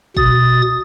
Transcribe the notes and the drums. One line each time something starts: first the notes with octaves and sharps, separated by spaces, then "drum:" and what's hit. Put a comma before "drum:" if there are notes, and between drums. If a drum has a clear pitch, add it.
B2 D#6 A6, drum: kick